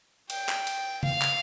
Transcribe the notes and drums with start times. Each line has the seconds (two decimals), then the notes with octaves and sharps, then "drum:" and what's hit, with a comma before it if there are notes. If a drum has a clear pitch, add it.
0.30 G5, drum: cymbal
0.49 drum: clap
0.67 drum: cymbal
1.03 F5, drum: tom C#3
1.22 drum: clap